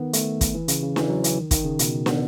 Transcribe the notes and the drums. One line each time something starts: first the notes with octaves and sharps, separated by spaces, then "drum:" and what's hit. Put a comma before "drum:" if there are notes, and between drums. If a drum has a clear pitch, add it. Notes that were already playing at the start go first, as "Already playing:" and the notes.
Already playing: D#3 B3
A3, drum: hi-hat
drum: kick, hi-hat
E3
C#3, drum: hi-hat
C#3
E3, drum: snare
F#3
E3, drum: hi-hat
D#3
D#3, drum: kick, hi-hat
C#3
B2, drum: hi-hat
B3, drum: snare